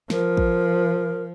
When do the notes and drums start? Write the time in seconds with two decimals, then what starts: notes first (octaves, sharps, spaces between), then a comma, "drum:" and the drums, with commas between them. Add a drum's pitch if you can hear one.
0.10 F3 A#4, drum: snare
0.37 drum: kick